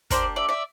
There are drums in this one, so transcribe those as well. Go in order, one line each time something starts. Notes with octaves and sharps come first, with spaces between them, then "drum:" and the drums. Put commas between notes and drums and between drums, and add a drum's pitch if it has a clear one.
A#3 D4 G4 C5 D5, drum: kick, hi-hat
D5 E5
D5 E5